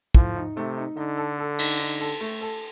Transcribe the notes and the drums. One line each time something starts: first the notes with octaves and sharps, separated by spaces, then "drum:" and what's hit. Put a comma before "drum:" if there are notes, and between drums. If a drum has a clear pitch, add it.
A2 F3, drum: kick
D#4
C3 A3
D#4
D3 D#4
A4
A4
D#4, drum: cymbal
D#4
A4
A3
A4